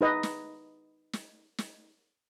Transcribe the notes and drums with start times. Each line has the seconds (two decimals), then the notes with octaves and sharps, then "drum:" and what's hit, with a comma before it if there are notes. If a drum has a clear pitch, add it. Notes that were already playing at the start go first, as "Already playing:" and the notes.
0.01 D#4 B4 D#5
0.23 drum: snare
1.13 drum: snare
1.58 drum: snare